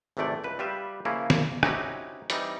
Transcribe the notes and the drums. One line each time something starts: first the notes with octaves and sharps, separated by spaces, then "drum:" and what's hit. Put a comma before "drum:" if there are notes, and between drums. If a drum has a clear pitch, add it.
G#1 C3 E3 A3 D5 G5
C#2 B4
G3 F4 G4 B4 E5
C#3 F3 A#3 C#4 E4 F4
drum: snare
C4 C#4 D#4 E4 F#4 G4, drum: rim click
E3 G3 C4 D#4, drum: hi-hat